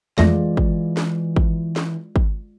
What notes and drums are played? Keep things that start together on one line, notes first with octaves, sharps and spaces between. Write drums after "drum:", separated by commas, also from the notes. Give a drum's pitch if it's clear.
F2 E3 G#3 A3 F4 D5 A#6, drum: snare
drum: kick
drum: snare
drum: kick
drum: snare
drum: kick